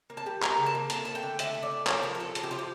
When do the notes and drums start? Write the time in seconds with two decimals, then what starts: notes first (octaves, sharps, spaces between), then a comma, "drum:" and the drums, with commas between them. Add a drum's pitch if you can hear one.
0.10 A#3
0.17 A5
0.26 G3
0.42 A#3 A#5, drum: clap
0.58 C#3
0.66 A5
0.75 A#3
0.90 A3 A5, drum: hi-hat
1.05 A3 A5
1.15 G5
1.23 D3
1.39 A3 E5, drum: hi-hat
1.54 E4
1.63 D5
1.71 A3
1.87 A#3 C#5, drum: clap
2.03 F3 A#4
2.15 A#4
2.19 F3 A4
2.35 E4 A4, drum: hi-hat
2.43 G4
2.51 F3 F4
2.59 G4